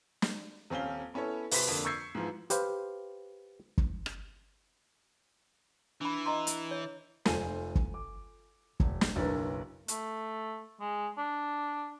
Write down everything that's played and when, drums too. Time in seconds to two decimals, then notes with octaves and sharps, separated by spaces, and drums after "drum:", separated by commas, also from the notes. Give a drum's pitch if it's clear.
0.22 drum: snare
0.70 D#1 C4 C#4 F5 G7
1.14 B3 C#4 E4 A4 C#5
1.51 C2 B4 C5 B6, drum: open hi-hat
1.67 F2 D3 A#3
1.85 C#6 E6 G6 G#6 C7 C#7
2.15 G#2 E3 F3
2.50 G4 B4 C5 F5, drum: hi-hat
3.78 drum: kick
4.06 drum: rim click
6.01 E3 D4 B5
6.26 D#5 A#5 C6
6.47 drum: hi-hat
6.71 C#5
7.25 F1 F4 A4 C5 G#5 D#7, drum: snare
7.75 drum: kick
7.94 D6
8.80 E1, drum: kick
9.01 drum: snare
9.16 F#1 B1 D4 A#4 B4 A6
9.88 A3, drum: hi-hat
10.80 G#3
11.18 D4